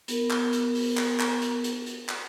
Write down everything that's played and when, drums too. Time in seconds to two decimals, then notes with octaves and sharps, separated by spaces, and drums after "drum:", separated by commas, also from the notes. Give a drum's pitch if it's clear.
0.08 B3 A#4, drum: hi-hat
0.30 drum: clap
0.53 drum: hi-hat
0.75 drum: open hi-hat
0.97 drum: clap
1.20 drum: clap
1.42 drum: hi-hat
1.64 drum: hi-hat
1.86 drum: hi-hat
2.09 drum: clap